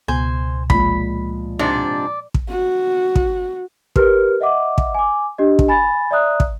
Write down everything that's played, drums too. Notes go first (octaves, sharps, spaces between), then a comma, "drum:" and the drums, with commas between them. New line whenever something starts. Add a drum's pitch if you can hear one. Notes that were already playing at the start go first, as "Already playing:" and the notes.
C#2 B2 C5 G#5
A#2 F3 G#3 B5, drum: kick
G#2 C3 D4 D5
drum: kick
F#4
drum: kick
G4 A#4 B4 F6, drum: kick
D#5 E5 F#5 D6
drum: kick
G#5 D6
D4 G4 D#5
drum: kick
G#5 B5 A6
D5 E5 A#5 D#6 F#6
drum: kick